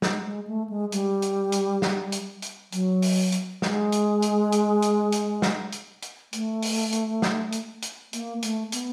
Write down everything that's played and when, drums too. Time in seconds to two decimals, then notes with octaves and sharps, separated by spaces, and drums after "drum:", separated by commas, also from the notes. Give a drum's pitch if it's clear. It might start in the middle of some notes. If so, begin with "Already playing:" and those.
0.02 G#3, drum: snare
0.24 G#3
0.47 A3
0.69 G#3
0.92 G3, drum: hi-hat
1.22 drum: hi-hat
1.52 drum: hi-hat
1.82 drum: snare
2.12 drum: hi-hat
2.42 drum: hi-hat
2.72 F#3, drum: hi-hat
3.02 drum: open hi-hat
3.32 drum: hi-hat
3.62 G#3, drum: snare
3.92 drum: hi-hat
4.22 drum: hi-hat
4.52 drum: hi-hat
4.82 drum: hi-hat
5.12 drum: hi-hat
5.42 drum: snare
5.72 drum: hi-hat
6.02 drum: hi-hat
6.33 A3, drum: hi-hat
6.62 drum: open hi-hat
6.92 drum: hi-hat
7.22 drum: snare
7.52 drum: hi-hat
7.82 drum: hi-hat
8.13 A#3, drum: hi-hat
8.42 A3, drum: hi-hat
8.72 B3, drum: hi-hat